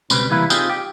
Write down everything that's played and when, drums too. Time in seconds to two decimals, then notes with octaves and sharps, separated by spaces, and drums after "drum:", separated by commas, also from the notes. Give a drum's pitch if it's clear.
0.10 C#2 B2 G3 C4 B4, drum: tambourine
0.30 C2 E3 G3 A#3 E4 B4
0.50 C4 D#4 F4 G4 G#4, drum: tambourine
0.70 G4